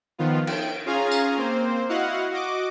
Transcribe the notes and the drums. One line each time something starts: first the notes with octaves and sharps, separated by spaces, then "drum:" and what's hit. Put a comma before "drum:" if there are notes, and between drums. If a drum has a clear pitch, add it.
D#3 F3 B3 F4
G5 D7, drum: cymbal
C#4 F4 G#4 F5 G#5 A#5
drum: tambourine
A#3 C4 C5
E4 F#4 D#5 F5 F#5
F#4 D#5 D6